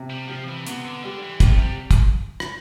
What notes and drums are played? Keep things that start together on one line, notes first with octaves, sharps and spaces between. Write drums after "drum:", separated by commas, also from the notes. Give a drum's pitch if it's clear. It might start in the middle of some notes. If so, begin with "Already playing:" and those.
Already playing: C3
G3
C3 F3
E3
C3 B3, drum: hi-hat
D3
D3 G3
E3
C3 F3, drum: kick, hi-hat
A3
G3
drum: kick, hi-hat
drum: rim click